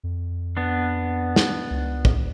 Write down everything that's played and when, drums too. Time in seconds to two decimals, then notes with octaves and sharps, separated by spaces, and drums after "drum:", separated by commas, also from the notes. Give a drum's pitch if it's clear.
0.04 F2
0.57 B3 D4
1.36 drum: snare
1.71 C#2
2.05 drum: kick